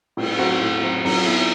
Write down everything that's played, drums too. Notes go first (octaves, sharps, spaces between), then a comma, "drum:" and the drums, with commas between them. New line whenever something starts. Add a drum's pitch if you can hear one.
A2, drum: cymbal
F#3 C4 F#4
A2
F#3 C4 F#4
F#3, drum: cymbal
B3 E4